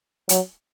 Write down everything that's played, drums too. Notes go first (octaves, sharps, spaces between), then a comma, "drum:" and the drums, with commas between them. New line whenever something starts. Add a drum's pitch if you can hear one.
F#3, drum: hi-hat